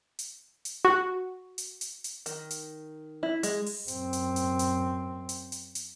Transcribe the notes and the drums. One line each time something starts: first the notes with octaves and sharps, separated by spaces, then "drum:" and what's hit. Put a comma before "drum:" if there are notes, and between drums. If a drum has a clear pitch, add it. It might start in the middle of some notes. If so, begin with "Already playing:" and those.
drum: hi-hat
drum: hi-hat
F#4
drum: hi-hat
drum: hi-hat
drum: hi-hat
D#3, drum: hi-hat
drum: hi-hat
E4
G#3, drum: hi-hat
drum: open hi-hat
F#2 C4, drum: hi-hat
drum: hi-hat
drum: hi-hat
drum: hi-hat
drum: hi-hat
drum: hi-hat
drum: hi-hat